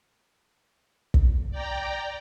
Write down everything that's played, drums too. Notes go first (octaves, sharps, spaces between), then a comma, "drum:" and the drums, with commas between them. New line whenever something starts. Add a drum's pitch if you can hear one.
drum: kick
D5 G5 A#5